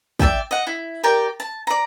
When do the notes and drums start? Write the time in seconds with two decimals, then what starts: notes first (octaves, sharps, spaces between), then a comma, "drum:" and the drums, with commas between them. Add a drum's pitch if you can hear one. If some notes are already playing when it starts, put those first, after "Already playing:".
0.19 D5 E5 G5 A5, drum: kick
0.51 D#5 F#5
0.67 E4
1.03 G4 A#4 D5 G5
1.40 A5
1.67 D5 A#5